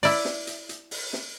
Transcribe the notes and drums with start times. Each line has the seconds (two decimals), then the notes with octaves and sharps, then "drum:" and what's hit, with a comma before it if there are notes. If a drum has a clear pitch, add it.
0.03 E4 D5, drum: open hi-hat
0.25 drum: snare
0.47 drum: hi-hat
0.69 drum: hi-hat
0.91 drum: open hi-hat
1.13 drum: snare